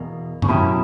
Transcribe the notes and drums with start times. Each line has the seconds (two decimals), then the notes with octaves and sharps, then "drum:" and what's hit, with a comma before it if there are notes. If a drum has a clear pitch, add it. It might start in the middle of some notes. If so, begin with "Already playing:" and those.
Already playing: E2 B2 A#3
0.42 C#3, drum: tom F#2
0.48 B2 F#3 A#3 C#4 E4 G4